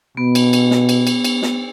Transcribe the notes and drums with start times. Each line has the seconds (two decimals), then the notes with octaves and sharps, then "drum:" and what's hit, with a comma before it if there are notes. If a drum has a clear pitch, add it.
0.17 B2 B3
0.35 drum: cymbal
0.53 drum: cymbal
0.71 drum: snare
0.89 drum: cymbal
1.07 drum: cymbal
1.24 drum: cymbal
1.42 drum: snare